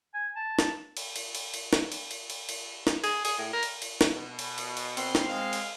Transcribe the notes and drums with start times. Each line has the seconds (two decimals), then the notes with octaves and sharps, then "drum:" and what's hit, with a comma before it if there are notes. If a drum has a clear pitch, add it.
0.14 G#5
0.36 A5
0.59 drum: snare
0.97 drum: cymbal
1.16 drum: cymbal
1.35 drum: cymbal
1.54 drum: cymbal
1.73 drum: snare
1.92 drum: cymbal
2.11 drum: cymbal
2.30 drum: cymbal
2.49 drum: cymbal
2.87 drum: snare
3.04 G#4, drum: cymbal
3.25 G#4, drum: cymbal
3.38 A2
3.53 A#4
3.63 drum: cymbal
3.82 drum: cymbal
4.01 drum: snare
4.15 B2
4.39 drum: cymbal
4.58 drum: cymbal
4.77 drum: cymbal
4.97 C4 C6, drum: cymbal
5.15 drum: snare
5.28 G#3 F5
5.53 drum: cymbal